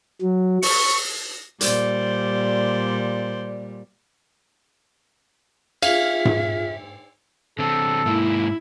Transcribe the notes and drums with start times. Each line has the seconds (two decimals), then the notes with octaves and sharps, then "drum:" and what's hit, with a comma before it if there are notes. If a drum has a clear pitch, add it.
0.22 F#3
0.62 C#6, drum: open hi-hat
1.61 A#2 G3 C5 D5, drum: hi-hat
5.83 F4 G#4 E5 F5, drum: cymbal
6.25 drum: tom G#2
7.59 D3 C4 A4
8.06 G#2 A#3 E4